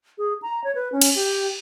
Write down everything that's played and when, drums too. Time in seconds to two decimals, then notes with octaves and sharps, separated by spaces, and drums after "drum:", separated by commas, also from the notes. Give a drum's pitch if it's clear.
0.18 G#4
0.42 A#5
0.64 C#5
0.75 B4
0.92 C#4
1.02 drum: cymbal
1.15 G4